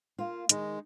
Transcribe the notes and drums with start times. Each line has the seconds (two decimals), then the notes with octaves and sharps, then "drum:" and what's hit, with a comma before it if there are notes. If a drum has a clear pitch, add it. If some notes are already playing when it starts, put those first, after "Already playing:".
0.18 A#3 F4
0.49 D#3 G#3 D#4, drum: hi-hat